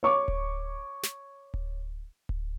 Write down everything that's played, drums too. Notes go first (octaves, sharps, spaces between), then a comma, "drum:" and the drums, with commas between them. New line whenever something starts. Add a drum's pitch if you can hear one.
C#5 C#6 D6
drum: kick D1
drum: snare
drum: kick D1
drum: kick D1